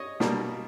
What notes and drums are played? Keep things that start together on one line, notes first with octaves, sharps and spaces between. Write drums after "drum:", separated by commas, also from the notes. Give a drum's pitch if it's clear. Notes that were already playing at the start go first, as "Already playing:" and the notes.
Already playing: C#5 D#5
B2 G3 A#3 D4, drum: snare